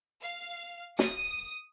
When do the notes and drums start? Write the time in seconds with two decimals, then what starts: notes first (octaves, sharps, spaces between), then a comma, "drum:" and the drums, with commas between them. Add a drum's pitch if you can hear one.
0.21 F5
0.99 D#6, drum: snare